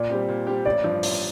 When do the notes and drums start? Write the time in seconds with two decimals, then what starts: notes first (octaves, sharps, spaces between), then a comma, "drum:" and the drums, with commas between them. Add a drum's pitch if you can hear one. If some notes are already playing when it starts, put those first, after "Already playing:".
Already playing: A#2 D5
0.10 G3 C4 G4
0.28 A#2
0.47 G3 C4 G4
0.66 A1 D5
0.84 G2 F3
1.03 A1, drum: open hi-hat